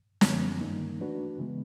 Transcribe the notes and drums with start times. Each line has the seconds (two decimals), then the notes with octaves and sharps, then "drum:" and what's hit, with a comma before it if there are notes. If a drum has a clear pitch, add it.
0.21 F#2 D3 F3 G#3 B3, drum: snare
0.61 G2 D#3 G3 A#3 D#4
1.00 E3 A3 D4 F#4 B4
1.38 C#3 E3 G#3 B3